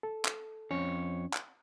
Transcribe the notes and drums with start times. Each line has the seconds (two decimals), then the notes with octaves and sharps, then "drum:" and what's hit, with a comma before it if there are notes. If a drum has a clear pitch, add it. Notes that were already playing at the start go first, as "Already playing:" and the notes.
0.03 A4
0.25 drum: clap
0.71 F2 C#4 C#5
1.33 drum: clap